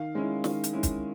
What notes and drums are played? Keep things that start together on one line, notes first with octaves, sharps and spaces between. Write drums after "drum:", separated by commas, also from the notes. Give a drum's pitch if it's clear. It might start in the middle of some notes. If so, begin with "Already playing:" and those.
Already playing: D#3 F5
G#3 C#4 E4
D#3, drum: snare
drum: hi-hat
G#3 C#4 E4
drum: kick, hi-hat